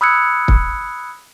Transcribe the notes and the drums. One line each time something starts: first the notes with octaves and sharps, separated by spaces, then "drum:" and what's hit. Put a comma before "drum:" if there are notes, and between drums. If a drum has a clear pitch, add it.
B5 D#6 E6 F#6 G#6 C#7
drum: kick